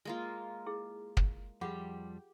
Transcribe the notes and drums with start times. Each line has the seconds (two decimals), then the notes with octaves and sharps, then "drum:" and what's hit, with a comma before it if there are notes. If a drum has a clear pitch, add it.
0.05 G#3 A#3 F4
0.66 E4 G#4
1.17 drum: kick
1.61 F2 F3 G3 F4 G4 G#4 F#5